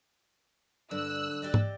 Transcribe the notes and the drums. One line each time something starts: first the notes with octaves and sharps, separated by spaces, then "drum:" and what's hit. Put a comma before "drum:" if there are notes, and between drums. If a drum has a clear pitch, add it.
G2 D3 E6 F#6
G4 D5 D#5
drum: tom G#2